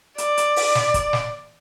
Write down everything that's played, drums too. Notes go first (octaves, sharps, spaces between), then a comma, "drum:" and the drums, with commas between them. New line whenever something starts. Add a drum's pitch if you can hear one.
D5, drum: hi-hat
drum: hi-hat
drum: open hi-hat
drum: snare
drum: kick, hi-hat
drum: snare